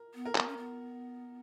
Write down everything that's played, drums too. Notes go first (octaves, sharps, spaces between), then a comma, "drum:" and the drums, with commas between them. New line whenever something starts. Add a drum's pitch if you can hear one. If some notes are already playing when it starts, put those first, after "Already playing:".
Already playing: A#4
B3
A#4
B3, drum: clap
C#4
B3